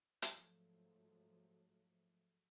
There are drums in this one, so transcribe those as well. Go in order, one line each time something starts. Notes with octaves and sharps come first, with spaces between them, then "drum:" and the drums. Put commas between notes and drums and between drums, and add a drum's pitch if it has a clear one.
G#2 F3 F#3 A3, drum: hi-hat